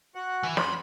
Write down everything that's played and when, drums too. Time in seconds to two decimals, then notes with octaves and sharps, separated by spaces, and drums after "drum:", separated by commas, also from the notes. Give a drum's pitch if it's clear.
0.15 F#4 F#5
0.43 E3
0.57 F#2 B5 C6, drum: snare